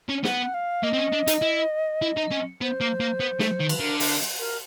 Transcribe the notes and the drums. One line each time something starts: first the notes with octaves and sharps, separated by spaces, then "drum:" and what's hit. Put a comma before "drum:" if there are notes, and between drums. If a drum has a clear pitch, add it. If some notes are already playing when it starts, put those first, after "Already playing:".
C#4
B3 F#5, drum: snare
F5
A#3 D#5
C4
C#4
D4
D#4, drum: hi-hat
E4
E4
D#4
C#4
B3 C5
A#3
A#3
B3
A3, drum: snare
D#3
B4, drum: cymbal
D3 A#4
A#4, drum: open hi-hat
A#4